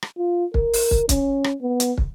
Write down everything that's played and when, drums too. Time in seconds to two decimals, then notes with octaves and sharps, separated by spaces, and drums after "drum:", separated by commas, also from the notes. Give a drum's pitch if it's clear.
0.03 drum: rim click
0.18 F4
0.54 A#4, drum: kick
0.73 drum: open hi-hat
0.91 drum: kick
1.09 C#4, drum: kick, hi-hat
1.44 drum: rim click
1.61 B3
1.80 drum: hi-hat
1.98 drum: kick